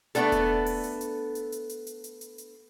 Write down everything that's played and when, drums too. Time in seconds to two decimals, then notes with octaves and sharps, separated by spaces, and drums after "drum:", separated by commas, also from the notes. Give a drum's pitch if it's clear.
0.15 A3 B3 D4 A4, drum: hi-hat
0.32 drum: kick E1, hi-hat
0.66 drum: open hi-hat
0.84 drum: hi-hat
1.01 drum: hi-hat
1.35 drum: hi-hat
1.52 drum: hi-hat
1.69 drum: hi-hat
1.87 drum: hi-hat
2.04 drum: hi-hat
2.21 drum: hi-hat
2.38 drum: hi-hat